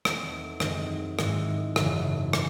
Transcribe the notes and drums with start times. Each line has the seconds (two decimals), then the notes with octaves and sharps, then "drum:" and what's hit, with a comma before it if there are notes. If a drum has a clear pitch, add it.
0.05 E2 D#3 A3 C4, drum: rim click
0.60 F#2 D#3 G#3 C4 D#4, drum: rim click
1.19 G#2 D#3 G#3 C4 E4, drum: rim click
1.76 G#1 F#2 C#3 E3, drum: rim click
2.33 drum: rim click